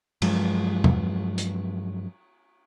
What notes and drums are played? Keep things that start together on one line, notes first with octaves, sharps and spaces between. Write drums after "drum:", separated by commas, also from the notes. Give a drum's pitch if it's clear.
G2 F3 F#3 G#3, drum: cymbal
drum: tom
drum: hi-hat